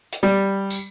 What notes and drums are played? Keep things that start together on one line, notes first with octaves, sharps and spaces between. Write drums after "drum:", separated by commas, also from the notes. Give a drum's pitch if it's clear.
drum: hi-hat
G3
drum: tambourine